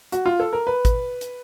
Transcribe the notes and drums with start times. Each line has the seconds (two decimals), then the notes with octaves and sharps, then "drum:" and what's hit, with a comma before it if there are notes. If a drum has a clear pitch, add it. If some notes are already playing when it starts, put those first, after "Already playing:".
0.12 F#4, drum: hi-hat
0.26 F4
0.40 A4
0.53 A#4
0.67 B4
0.85 drum: kick G#1, hi-hat
1.21 drum: hi-hat